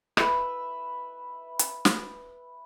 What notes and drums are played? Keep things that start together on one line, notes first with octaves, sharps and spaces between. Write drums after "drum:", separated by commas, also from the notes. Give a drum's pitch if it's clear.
B4 E5, drum: rim click
drum: hi-hat
drum: snare